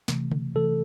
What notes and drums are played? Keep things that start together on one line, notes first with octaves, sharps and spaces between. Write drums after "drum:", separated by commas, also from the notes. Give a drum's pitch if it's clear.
C3 E3 A3, drum: snare
drum: tom C#3
C3 E3 A3 A4